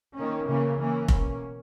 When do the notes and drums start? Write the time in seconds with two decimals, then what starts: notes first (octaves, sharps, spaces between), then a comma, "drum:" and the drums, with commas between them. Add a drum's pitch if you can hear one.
0.15 D#3 A#3 C#4
0.46 C#3 E3 A#3 C#4
0.78 E3 A#3 C#4
1.08 B2 A#3 C#4, drum: kick F1